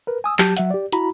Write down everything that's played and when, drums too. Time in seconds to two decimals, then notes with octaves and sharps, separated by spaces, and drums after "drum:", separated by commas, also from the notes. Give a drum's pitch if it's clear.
0.07 A#4 B4
0.24 G#5 D#6 E6
0.39 F#3 G4 A5 G6, drum: clap
0.57 F#3 E5 F#5, drum: hi-hat
0.70 G4 D5
0.92 E4 F#4 A#5 B5, drum: hi-hat